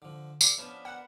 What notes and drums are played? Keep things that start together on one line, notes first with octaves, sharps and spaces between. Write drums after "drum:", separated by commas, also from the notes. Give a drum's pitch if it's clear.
D3 F3
A4 D5, drum: tambourine
F3 B3 C#4 D4
A#4 F#5